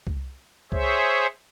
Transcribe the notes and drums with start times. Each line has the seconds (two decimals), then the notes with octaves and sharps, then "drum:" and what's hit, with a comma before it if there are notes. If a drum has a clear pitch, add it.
0.07 drum: kick C2
0.72 G#4 C5 C#5 E5, drum: kick C2